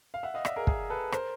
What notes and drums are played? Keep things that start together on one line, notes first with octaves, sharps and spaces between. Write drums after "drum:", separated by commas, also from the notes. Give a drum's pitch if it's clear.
F5
E5 F#5
D#5 F5
D5 E5, drum: rim click
G#4 A#4
G#4 A#4, drum: kick
A4 B4
A#4 C5, drum: rim click